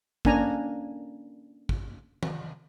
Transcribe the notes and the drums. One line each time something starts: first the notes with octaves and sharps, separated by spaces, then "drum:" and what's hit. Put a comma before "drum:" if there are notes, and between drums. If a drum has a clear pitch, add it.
A#3 C#4 D4 G#5 A#5, drum: kick
drum: kick
drum: tom D#3